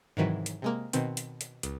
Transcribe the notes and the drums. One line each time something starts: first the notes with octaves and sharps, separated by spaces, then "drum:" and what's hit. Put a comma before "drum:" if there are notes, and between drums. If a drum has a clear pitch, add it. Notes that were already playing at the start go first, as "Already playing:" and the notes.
G#2 C3 D#3 E3 F#3
drum: hi-hat
C3 G#3 A#3
B2 D#3 C4, drum: hi-hat
drum: hi-hat
drum: hi-hat
C#2, drum: hi-hat